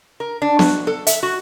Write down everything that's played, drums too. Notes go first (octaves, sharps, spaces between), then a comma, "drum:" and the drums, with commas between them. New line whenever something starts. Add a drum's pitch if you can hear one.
A#4
D4
F#4, drum: snare B3
A4
E5, drum: hi-hat
F#4